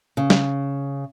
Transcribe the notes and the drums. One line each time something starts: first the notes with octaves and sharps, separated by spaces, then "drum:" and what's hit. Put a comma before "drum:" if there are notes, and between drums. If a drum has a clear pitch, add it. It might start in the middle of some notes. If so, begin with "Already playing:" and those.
C#3
drum: snare